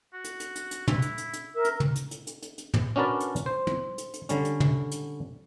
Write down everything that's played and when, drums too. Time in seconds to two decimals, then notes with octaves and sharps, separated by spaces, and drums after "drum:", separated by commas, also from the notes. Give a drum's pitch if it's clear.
0.13 F#4
0.24 drum: hi-hat
0.40 drum: hi-hat
0.56 drum: hi-hat
0.71 drum: hi-hat
0.88 E4, drum: tom
1.02 drum: hi-hat
1.18 drum: hi-hat
1.33 drum: hi-hat
1.55 A#4 E5
1.65 drum: hi-hat
1.80 drum: tom
1.96 drum: hi-hat
2.11 drum: hi-hat
2.27 drum: hi-hat
2.42 drum: hi-hat
2.58 drum: hi-hat
2.74 drum: tom
2.96 C#4 D4 F#4 A#4 B4 D5
3.20 drum: hi-hat
3.36 drum: hi-hat
3.46 C5
3.67 drum: tom
3.98 drum: hi-hat
4.14 drum: hi-hat
4.29 D3 G3 C#4, drum: hi-hat
4.45 drum: hi-hat
4.60 drum: tom
4.92 drum: hi-hat